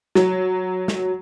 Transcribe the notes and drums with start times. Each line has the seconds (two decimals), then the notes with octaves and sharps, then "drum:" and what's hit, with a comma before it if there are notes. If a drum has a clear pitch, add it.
0.15 F#3, drum: snare
0.88 drum: snare